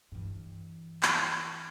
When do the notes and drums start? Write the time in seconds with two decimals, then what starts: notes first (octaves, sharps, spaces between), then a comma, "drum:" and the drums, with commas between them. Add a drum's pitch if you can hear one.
0.12 G2 E3
1.03 drum: clap